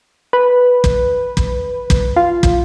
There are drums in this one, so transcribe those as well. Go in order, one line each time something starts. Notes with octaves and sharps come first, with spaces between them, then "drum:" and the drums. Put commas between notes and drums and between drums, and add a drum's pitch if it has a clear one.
B4
drum: kick
drum: kick
drum: kick
F4
drum: kick